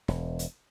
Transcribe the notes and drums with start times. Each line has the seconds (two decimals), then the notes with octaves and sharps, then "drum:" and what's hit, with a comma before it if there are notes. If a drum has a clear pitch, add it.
0.08 E1, drum: snare
0.39 drum: hi-hat